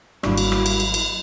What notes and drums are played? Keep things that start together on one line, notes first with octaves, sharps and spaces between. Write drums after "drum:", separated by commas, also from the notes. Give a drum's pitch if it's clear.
G#1 F#3 G3 A#3 D4 E4 F#4, drum: rim click
drum: cymbal
drum: rim click
drum: cymbal
drum: cymbal
drum: cymbal